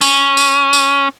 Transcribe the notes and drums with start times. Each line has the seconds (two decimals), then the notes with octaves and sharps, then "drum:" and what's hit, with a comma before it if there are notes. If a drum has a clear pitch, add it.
0.01 C#4, drum: tambourine
0.37 drum: tambourine
0.73 drum: tambourine